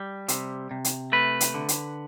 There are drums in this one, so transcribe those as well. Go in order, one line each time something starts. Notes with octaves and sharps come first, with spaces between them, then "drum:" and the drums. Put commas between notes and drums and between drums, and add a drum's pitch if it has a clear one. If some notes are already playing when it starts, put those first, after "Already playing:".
Already playing: G3
C3, drum: hi-hat
C3
drum: hi-hat
A3 B4
drum: hi-hat
D3
drum: hi-hat